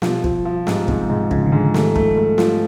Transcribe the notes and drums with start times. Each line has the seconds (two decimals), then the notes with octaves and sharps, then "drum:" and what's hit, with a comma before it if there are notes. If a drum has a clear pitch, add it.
0.02 B2 F3, drum: snare
0.24 F3, drum: kick
0.45 F3
0.67 G#2, drum: snare
0.88 G#2 C3, drum: kick
1.10 G#2 C3
1.31 C#3 F3, drum: kick
1.46 D#3
1.52 G#2 D3
1.74 D#3 A3, drum: snare
1.96 A3, drum: kick
2.17 A3
2.38 F3, drum: snare